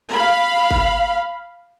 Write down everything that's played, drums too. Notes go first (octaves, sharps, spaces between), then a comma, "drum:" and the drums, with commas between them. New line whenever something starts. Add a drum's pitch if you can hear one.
F5 B5
drum: kick G1